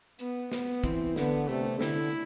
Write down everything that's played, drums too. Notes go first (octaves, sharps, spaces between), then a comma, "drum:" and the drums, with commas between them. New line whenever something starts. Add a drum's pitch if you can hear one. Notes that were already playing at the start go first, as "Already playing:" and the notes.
B3, drum: hi-hat
B3, drum: snare
E3 C4, drum: kick, hi-hat
D3 B3, drum: snare
C3 A3, drum: hi-hat
D3 E4, drum: snare